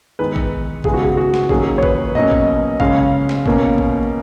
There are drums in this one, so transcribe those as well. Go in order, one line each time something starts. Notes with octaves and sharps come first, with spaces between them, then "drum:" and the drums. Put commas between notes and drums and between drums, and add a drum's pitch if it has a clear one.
D#3 G#3 B3 B4
drum: kick A1
C#3 G#3 B3 G#4, drum: kick A1
F#4
G#4
F#4
drum: snare
D#3 F#3 A#3 C#4 G#4, drum: kick A1
C#5
B4, drum: kick A1
B2 F#3 A#3 C#4 D#5
drum: kick A1
C#3 G#3 C#4 F5, drum: kick A1
drum: snare
B2 A#3 C#4, drum: kick A1
drum: kick A1